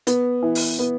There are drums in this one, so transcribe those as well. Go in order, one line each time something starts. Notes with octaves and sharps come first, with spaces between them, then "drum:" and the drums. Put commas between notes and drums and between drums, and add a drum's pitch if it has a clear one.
B3, drum: hi-hat
E3
drum: open hi-hat
B3